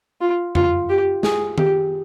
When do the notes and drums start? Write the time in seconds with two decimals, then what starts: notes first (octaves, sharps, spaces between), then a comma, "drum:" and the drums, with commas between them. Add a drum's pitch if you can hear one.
0.21 F4
0.55 F4, drum: tom F2
0.89 G4
1.23 G#4, drum: snare
1.58 G4, drum: tom D#3